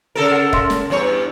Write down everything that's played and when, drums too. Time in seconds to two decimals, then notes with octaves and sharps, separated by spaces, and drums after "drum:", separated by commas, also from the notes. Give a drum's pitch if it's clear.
0.15 C#3 A4 A#4
0.32 F#5
0.53 E5 F5 C6, drum: kick D#1
0.70 drum: snare
0.90 E2 G2 C#5